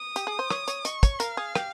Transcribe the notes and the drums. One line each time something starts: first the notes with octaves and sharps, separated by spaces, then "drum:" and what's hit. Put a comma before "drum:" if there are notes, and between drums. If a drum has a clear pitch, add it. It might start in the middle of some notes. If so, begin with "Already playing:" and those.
Already playing: D#6
G4, drum: hi-hat
G#4
C5
C#5, drum: rim click
C#5, drum: hi-hat
D#5 C#6, drum: hi-hat
C#5, drum: kick, hi-hat
A#4 F5, drum: hi-hat
G#4
G4, drum: rim click